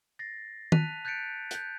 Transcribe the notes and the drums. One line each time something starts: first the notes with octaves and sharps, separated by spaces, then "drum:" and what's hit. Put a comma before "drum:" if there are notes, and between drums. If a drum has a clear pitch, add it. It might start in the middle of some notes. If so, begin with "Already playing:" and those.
A6 A#6 C7
A5 F#6 B6 D#7 F7, drum: tom D#3
F#6 G6 A6 B6 C#7 D7
F#6 G6, drum: hi-hat